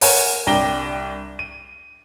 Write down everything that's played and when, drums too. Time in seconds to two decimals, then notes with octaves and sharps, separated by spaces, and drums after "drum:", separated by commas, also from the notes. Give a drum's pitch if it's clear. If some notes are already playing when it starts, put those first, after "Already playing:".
0.01 A#4 C#5 F#5 G#5, drum: open hi-hat
0.47 C2 D4 G5 A#6 G7
1.39 D#7